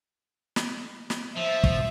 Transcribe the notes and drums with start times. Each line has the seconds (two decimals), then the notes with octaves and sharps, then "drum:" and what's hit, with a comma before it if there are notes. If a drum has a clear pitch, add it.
0.56 drum: snare
1.10 drum: snare
1.37 F3 E5
1.64 drum: kick